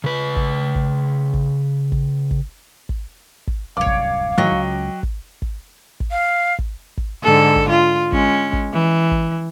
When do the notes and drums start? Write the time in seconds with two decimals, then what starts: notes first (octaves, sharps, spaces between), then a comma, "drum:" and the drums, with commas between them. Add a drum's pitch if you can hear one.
0.04 C#3 B4
0.36 drum: kick
0.75 drum: kick
1.34 drum: kick
1.92 drum: kick
2.31 drum: kick
2.89 drum: kick
3.47 drum: kick
3.77 D1 C2 F#2 C#5 D5 F5 D6
3.86 drum: kick
4.38 G#2 D#3 E3 F#3 D#5 G5 C#6
4.52 C#2
5.03 drum: kick
5.42 drum: kick
6.00 drum: kick
6.11 F5
6.59 drum: kick
6.97 drum: kick
7.23 G#2 D3 A4
7.56 drum: kick
7.70 F4
8.12 G#3 C#4, drum: kick
8.53 drum: kick
8.73 E3
9.11 drum: kick